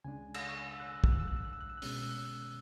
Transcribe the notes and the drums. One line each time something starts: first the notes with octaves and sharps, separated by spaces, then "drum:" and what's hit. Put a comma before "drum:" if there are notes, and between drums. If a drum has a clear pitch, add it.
C#2 C#3 G#3 D4 G#5
drum: cymbal
C#6
E6
F#6
E6
F#6
E6, drum: kick
F#6
E6
F#6
E6
F#6
E6
F#6
E6
F#6
B2 G#3 C#4 E6, drum: open hi-hat
F#6
E6
F#6
E6
F#6
E6
F#6